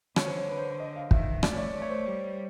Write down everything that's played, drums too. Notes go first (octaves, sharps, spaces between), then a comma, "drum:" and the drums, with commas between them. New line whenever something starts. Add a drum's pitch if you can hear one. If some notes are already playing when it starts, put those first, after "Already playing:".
D3 C#5, drum: rim click
C5
C#5
B4
C5
C#5
D#5
F5
D#3 E5, drum: kick
A3 D5, drum: rim click
C#5
D5
A3
C#5
C5
G3